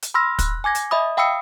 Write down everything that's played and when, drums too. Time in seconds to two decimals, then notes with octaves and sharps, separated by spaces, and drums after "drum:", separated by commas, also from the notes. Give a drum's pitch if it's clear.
0.02 drum: hi-hat
0.14 B5 C6 E6 F6 A#6
0.39 F#6, drum: kick, hi-hat
0.64 G#5 D6 G#6 A#6
0.75 drum: hi-hat
0.91 D#5 E5 B5 D#6
1.17 F5 G5 B5 D#6 E6 C#7